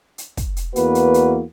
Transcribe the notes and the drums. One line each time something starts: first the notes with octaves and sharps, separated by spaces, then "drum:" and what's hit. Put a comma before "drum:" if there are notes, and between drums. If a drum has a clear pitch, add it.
drum: hi-hat
drum: kick, hi-hat
drum: hi-hat
E2 A#3 B3 F#4 B4, drum: hi-hat
drum: hi-hat
drum: hi-hat